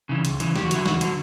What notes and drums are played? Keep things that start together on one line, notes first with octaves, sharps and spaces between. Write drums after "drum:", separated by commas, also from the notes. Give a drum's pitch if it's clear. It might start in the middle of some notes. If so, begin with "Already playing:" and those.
C#3 E3
C#2, drum: hi-hat
C#3 E3, drum: hi-hat
E2 G4, drum: snare
F#4
D3 F#3 E4, drum: hi-hat
E2 F#4, drum: snare
D3 F#3, drum: hi-hat